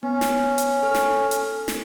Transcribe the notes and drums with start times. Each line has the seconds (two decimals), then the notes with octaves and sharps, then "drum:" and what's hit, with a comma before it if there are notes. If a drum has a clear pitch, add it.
0.03 B3 C#4
0.21 drum: snare
0.58 drum: hi-hat
0.83 A4 F6
0.94 drum: snare
1.31 drum: hi-hat
1.68 drum: snare